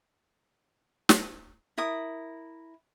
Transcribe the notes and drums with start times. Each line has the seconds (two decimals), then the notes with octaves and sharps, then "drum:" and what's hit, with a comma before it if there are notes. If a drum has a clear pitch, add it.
1.09 drum: snare
1.78 E4 A#4 D#6